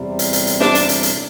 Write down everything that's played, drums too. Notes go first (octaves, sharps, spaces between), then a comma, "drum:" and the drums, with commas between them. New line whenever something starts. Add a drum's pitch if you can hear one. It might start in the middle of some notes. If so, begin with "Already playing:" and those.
Already playing: E2 C3 G3
drum: hi-hat
drum: hi-hat
drum: hi-hat
D4, drum: snare
drum: hi-hat
drum: hi-hat
drum: hi-hat